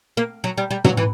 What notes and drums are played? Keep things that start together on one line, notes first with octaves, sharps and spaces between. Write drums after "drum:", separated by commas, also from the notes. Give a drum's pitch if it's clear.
A#3
F#3
G3
G3
F#3, drum: tom
E3